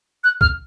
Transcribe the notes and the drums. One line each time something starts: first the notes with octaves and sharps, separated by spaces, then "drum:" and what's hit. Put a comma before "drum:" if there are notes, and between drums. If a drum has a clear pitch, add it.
F#6
F6, drum: kick B1